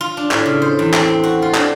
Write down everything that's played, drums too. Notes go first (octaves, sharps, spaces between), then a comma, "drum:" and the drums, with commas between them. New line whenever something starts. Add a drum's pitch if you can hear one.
F4
D4
A2, drum: clap
C#3
C5
E2
C4, drum: clap
C5
F#4
F4
D4, drum: clap